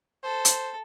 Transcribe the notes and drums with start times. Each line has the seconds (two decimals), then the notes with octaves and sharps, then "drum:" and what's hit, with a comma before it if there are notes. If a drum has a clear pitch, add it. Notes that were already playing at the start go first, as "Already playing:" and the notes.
0.24 A4 C5
0.45 drum: hi-hat